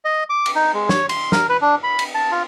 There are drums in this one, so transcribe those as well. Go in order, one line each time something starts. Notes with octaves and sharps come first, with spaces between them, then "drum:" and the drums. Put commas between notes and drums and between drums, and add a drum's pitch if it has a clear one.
D#5
D6
drum: cymbal
D#4
G#3
C#5, drum: snare
C6, drum: cymbal
A#4, drum: snare
B4
D4
B5
drum: cymbal
A5
F4